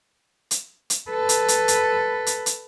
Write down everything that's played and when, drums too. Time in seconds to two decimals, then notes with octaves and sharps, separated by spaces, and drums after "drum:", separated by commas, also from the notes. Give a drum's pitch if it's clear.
0.51 drum: hi-hat
0.90 drum: hi-hat
1.09 A4 B4
1.29 drum: hi-hat
1.48 drum: hi-hat
1.68 drum: hi-hat
2.27 drum: hi-hat
2.46 drum: hi-hat